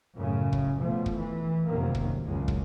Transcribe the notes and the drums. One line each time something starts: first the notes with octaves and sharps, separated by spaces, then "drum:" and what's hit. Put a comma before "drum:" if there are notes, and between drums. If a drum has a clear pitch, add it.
F#2 A2 C#3
drum: kick
B2 F3 A3
drum: kick
E3
F1 F#2 C3 D#3 A#3
drum: kick
C#2 F#2 C#3 G#3
drum: kick